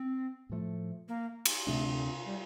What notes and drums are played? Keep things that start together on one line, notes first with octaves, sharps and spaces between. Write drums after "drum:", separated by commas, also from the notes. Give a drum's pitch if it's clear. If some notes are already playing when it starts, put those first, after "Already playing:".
Already playing: C4
A2 F3 A3
A#3
drum: cymbal
D2 C3 G3 A3 D4
G3